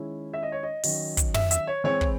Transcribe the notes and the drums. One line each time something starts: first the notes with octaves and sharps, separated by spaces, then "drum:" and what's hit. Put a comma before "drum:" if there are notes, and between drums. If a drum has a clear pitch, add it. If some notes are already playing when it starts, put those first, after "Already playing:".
Already playing: D#3 G#3 C#4 E4
E5
D#5
C#5
D#5
D#3 F#3 C#4, drum: open hi-hat
drum: kick, hi-hat
E5, drum: tom
E5, drum: hi-hat
C#5
E3 G#3 C4 E4 C#5
drum: kick